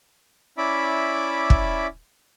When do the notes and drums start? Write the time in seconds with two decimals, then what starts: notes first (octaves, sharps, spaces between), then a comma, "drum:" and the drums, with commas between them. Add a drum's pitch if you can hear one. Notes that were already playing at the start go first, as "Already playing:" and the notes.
0.58 C#4 E4 D5 E5 B5 D6
1.50 drum: kick